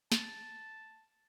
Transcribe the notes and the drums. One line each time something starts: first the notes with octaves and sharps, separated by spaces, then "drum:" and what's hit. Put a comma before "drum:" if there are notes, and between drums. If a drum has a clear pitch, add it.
A5, drum: snare